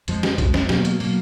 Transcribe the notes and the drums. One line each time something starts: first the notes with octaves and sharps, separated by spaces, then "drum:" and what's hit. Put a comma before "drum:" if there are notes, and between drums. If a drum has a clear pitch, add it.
F2 F3 G#3, drum: hi-hat
drum: snare
F2 F3 G#3, drum: kick B1, hi-hat
drum: snare
B2 F#3 A#3, drum: snare
drum: hi-hat
B2 F#3 A#3, drum: open hi-hat